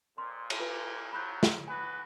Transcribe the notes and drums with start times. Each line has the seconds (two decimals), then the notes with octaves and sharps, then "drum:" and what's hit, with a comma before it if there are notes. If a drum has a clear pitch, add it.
0.18 F2 A#2 C6
0.50 drum: cymbal
0.59 F4 B4
1.13 F3 F#3 B5 F#6 G6
1.43 drum: snare
1.68 F#4 G#4 B4 G#5